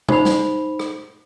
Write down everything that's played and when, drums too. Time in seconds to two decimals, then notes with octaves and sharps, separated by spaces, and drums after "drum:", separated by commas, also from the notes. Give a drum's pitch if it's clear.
0.09 D#4 C5 B5 C7 F7, drum: tom
0.25 drum: snare
0.79 drum: rim click